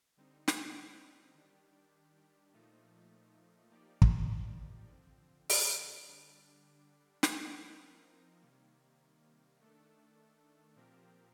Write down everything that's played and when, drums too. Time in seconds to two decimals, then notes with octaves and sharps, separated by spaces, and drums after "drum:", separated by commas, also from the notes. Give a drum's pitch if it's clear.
0.17 D3 G3 C4 D#4
0.48 drum: snare
1.34 D#3 G3 D4 G4
2.53 A#2 F3 A3 D#4
3.70 F3 A#3 D#4 G4 D5
4.02 drum: kick
4.88 D3 F3 C4
5.50 drum: open hi-hat
6.05 D3 G3 D4
7.23 F3 C4 D#4 A#4, drum: snare
8.41 C3 D#3 G3 A#3
9.59 D#3 A3 D4 A4
10.75 A#2 F3 C4 G4 A#4